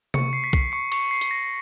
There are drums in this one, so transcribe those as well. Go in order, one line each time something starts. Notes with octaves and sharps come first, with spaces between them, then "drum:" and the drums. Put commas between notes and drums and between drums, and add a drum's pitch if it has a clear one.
C#6 C#7, drum: tom C3
C7
B6
C7, drum: kick B1
C#6 C#7
C#6 C#7, drum: cymbal
C7
drum: hi-hat
A#6